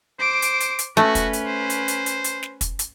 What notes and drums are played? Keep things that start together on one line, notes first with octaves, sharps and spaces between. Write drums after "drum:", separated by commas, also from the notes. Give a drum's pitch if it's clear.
C5 D6 D7
drum: hi-hat
drum: hi-hat
drum: hi-hat
A3 C#4 F#4 B4, drum: snare
drum: kick, hi-hat
drum: hi-hat
C5
drum: hi-hat
drum: hi-hat
drum: hi-hat
drum: hi-hat
drum: snare
drum: kick, hi-hat
drum: hi-hat